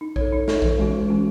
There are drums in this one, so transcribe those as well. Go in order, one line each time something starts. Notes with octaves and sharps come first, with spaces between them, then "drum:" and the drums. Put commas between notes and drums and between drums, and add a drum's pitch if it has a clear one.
D#4
A4 C#5, drum: kick A#1
D#4
A4 C#5, drum: snare
E3, drum: kick A#1
G#3 C#4 F#4
E3
G#3 C#4 F#4